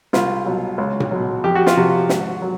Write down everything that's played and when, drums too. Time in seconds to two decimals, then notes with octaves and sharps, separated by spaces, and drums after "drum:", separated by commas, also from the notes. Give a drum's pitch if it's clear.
0.13 C2 F4, drum: snare
0.45 B2 F#3
0.78 C#2
1.00 drum: tom A#2
1.11 B2 F#3
1.44 F2 G4
1.55 F#4
1.66 F4, drum: snare
1.77 C3 F3 F#4
2.09 G#1, drum: snare
2.42 F#3